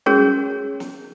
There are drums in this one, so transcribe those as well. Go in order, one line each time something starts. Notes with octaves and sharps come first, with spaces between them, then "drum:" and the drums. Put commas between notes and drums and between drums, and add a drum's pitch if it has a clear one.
C#4 F#4 G#4 A#4 C#5, drum: tom G3
drum: snare